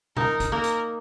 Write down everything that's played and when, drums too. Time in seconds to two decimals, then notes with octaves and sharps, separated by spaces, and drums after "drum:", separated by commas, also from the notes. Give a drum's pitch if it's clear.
0.17 D#4 A#4, drum: tom A#2
0.40 drum: kick, hi-hat
0.52 A#3 A#4
0.64 drum: hi-hat